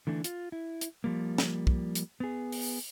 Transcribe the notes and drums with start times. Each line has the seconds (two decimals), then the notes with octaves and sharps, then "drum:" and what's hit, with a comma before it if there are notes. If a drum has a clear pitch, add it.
0.07 D3 E3 A3 D4
0.24 F4, drum: hi-hat
0.52 E4
0.81 drum: hi-hat
1.04 F3 G3 A#3
1.38 drum: snare
1.67 drum: kick
1.95 drum: hi-hat
2.20 B3 G#4
2.52 drum: open hi-hat